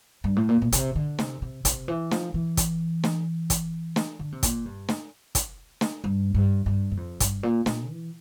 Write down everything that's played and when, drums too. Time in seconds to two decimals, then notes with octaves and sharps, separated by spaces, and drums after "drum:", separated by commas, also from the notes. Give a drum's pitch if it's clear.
0.24 G2
0.36 A2
0.49 A#2
0.62 A#2
0.72 C3, drum: kick, hi-hat
0.95 D3
1.19 C3, drum: snare
1.42 C3
1.65 C3, drum: kick, hi-hat
1.88 E3
2.11 F3, drum: snare
2.34 E3
2.57 drum: kick, hi-hat
3.04 drum: snare
3.50 drum: kick, hi-hat
3.96 drum: snare
4.19 D3
4.32 C3
4.43 A#2, drum: kick, hi-hat
4.66 G2
4.89 drum: snare
5.35 drum: kick, hi-hat
5.81 drum: snare
6.04 G2
6.35 G2
6.66 G2
6.91 G2
6.97 F2
7.20 G2, drum: kick, hi-hat
7.43 A#2
7.66 A#2, drum: snare
7.89 E3